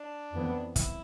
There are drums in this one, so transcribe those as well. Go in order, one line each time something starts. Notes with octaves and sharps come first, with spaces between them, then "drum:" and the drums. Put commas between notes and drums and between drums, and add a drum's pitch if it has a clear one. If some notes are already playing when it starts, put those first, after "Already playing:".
Already playing: D4
F2 E3 B3
E4, drum: kick, hi-hat